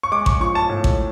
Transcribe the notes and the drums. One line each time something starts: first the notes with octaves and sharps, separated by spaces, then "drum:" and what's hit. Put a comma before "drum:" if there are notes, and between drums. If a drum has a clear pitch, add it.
C#6
G#3 D6
C#6, drum: kick A1
F3 C#6
A5
A2
drum: kick A1